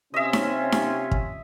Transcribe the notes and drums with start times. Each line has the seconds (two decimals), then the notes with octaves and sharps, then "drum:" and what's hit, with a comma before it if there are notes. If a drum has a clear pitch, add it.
0.14 C3 C#4 F4 D#5 E5
0.33 drum: snare D#4
0.72 drum: snare D#4
1.11 drum: kick